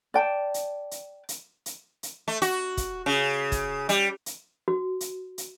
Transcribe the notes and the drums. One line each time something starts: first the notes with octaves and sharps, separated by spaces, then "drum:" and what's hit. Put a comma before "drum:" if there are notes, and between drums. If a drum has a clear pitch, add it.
D5 G5 A5
drum: hi-hat
drum: hi-hat
drum: hi-hat
drum: hi-hat
drum: hi-hat
A3
F#4, drum: hi-hat
drum: kick, hi-hat
C#3
drum: kick, hi-hat
G3, drum: hi-hat
drum: hi-hat
F#4
drum: hi-hat
drum: hi-hat